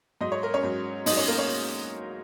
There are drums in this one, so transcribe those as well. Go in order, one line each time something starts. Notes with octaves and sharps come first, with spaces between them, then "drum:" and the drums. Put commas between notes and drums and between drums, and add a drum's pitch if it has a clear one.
G#2 F#3 D#5
C#5
A#4
C#4 C#5
G#2 F#3
G#2 F#3 D#4 D#5, drum: open hi-hat
C#4 C#5
A#3 A#4
C#4 C#5